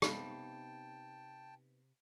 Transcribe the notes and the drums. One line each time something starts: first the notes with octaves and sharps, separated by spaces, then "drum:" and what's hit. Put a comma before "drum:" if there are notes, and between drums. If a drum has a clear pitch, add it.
C3 B3 D#4 F5 G5 A5 B5 C7, drum: rim click